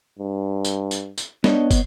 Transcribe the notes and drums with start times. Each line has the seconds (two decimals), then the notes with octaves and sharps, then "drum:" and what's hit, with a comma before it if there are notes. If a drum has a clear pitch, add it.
0.19 G2
0.65 drum: tambourine
0.91 drum: tambourine
1.18 drum: tambourine
1.44 B3 D4 C#5 D#5, drum: snare
1.71 drum: kick, tambourine